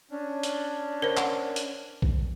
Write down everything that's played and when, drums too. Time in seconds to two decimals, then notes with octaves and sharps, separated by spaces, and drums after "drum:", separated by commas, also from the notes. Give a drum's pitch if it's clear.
0.11 C#4 D4
0.43 drum: hi-hat
1.02 A#4 C5
1.17 F#5, drum: clap
1.56 drum: hi-hat
2.02 drum: kick A#1